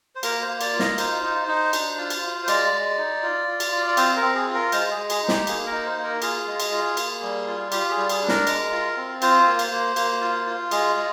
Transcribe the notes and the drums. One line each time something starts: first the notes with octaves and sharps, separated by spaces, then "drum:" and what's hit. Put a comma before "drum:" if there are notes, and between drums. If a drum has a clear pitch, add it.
C5
A#3 A#4, drum: cymbal
C5
A#3
D5, drum: cymbal
F4
D#5, drum: snare
D#4 C5, drum: cymbal
D#4
D#4
D4, drum: cymbal
F4
drum: cymbal
F4
C5
G#3 D5, drum: cymbal
G#3
D#4
F4
F4
drum: cymbal
F4
D5
C4 C5, drum: cymbal
A#4
C4
G#4
F4
A#4
G#3 C5, drum: cymbal
G#4
G#3
G#4, drum: cymbal
D#4
G4, drum: snare
A#3 G#4, drum: cymbal
A#4
D#4
C5
A#3
A#4
F4 G#4, drum: cymbal
G#3
drum: cymbal
F4
A#3, drum: cymbal
G3
F4
F4 G4, drum: cymbal
G#4
G3
G#4, drum: cymbal
D4
A#4, drum: snare
G#3, drum: cymbal
F4
C4
F4 C5, drum: cymbal
A#3
drum: cymbal
A#3
A#3, drum: cymbal
F4
F4
G#3 G#4, drum: cymbal
G#3